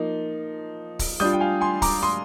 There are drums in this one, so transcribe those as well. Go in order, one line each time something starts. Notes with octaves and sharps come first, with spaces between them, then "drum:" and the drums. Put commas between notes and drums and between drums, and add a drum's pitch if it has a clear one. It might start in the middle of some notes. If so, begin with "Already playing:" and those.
Already playing: F3 A#3 D#4
drum: kick, open hi-hat
G3 D4 F4 D#6 G6
G5
F5 G#5
G#5 C6
A#5 D6, drum: kick, open hi-hat
C6 D#6